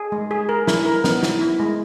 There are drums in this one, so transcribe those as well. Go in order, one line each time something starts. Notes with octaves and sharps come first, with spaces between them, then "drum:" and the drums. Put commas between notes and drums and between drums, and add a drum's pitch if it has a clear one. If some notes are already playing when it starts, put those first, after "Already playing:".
Already playing: G#4
G#3
G#4
A#4
E4, drum: snare
A#4
B3, drum: snare
E4, drum: snare
E4
G#3